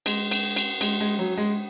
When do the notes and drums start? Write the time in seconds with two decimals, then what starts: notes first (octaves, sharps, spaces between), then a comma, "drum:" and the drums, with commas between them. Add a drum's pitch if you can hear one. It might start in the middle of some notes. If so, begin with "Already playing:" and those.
0.06 G#3, drum: cymbal
0.31 drum: cymbal
0.56 drum: cymbal
0.81 G#3, drum: cymbal
1.00 G#3
1.19 F#3
1.37 G#3